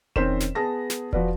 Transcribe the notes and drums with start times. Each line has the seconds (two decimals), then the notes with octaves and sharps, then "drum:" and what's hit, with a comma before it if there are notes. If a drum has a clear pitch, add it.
0.16 D#3 C4 C#4 C5 B6 E7, drum: kick E1
0.40 drum: snare
0.55 B3 G#4 A5 A#6
0.90 drum: snare
1.13 F3 F#4 B4 D5, drum: kick E1